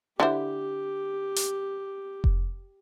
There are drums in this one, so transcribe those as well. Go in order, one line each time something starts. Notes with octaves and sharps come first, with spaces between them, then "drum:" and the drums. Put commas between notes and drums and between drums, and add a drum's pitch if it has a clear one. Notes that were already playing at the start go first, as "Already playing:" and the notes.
D3 E4 G4 C5
drum: hi-hat
drum: kick F1